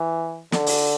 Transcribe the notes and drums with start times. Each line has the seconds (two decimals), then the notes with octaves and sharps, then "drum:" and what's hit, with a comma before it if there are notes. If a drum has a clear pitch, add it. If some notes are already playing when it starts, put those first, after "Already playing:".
Already playing: E3
0.52 D3, drum: snare
0.66 drum: open hi-hat